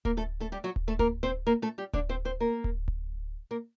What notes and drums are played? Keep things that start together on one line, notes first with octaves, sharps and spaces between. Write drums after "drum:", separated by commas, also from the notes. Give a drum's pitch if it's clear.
A#3 A#4, drum: kick D1
A3 A4
A3 A4
G3 G4
F#3 F#4
drum: kick D1
A3 A4
A#3 A#4, drum: kick D1
C4 C5
A#3 A#4
A3 A4
G3 G4
D3 D4, drum: kick D1
C4 C5
C4 C5
A#3 A#4
drum: kick D1
drum: kick D1
A#3 A#4